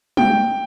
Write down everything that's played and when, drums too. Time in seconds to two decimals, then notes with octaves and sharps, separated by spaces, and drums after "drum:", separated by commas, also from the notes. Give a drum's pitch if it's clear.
0.17 G5, drum: tom G3